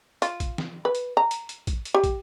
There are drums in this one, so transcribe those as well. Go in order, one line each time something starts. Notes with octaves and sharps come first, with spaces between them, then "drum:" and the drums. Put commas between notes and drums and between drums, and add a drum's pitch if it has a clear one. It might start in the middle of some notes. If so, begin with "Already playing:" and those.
F4, drum: hi-hat
drum: kick, hi-hat
drum: snare
B4
drum: hi-hat
A#5
drum: hi-hat
drum: hi-hat
drum: kick, hi-hat
drum: hi-hat
G4
drum: kick, hi-hat